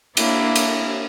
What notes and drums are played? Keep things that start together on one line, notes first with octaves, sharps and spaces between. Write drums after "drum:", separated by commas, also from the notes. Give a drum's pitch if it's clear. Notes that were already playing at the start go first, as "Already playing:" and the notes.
A#3 D4 E4, drum: cymbal
drum: cymbal